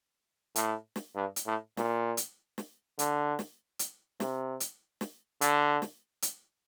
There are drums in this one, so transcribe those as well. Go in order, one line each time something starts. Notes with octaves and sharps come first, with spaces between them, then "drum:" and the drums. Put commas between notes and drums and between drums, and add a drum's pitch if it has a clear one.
A2, drum: hi-hat
drum: snare
G2
drum: hi-hat
A2
A#2, drum: snare
drum: hi-hat
drum: snare
D3, drum: hi-hat
drum: snare
drum: hi-hat
C3, drum: snare
drum: hi-hat
drum: snare
D3, drum: hi-hat
drum: snare
drum: hi-hat